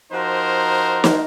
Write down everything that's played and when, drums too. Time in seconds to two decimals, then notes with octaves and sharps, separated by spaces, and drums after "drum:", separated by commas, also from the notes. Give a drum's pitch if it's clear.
0.11 F3 D#4 F#4 A#4 C5
1.04 drum: snare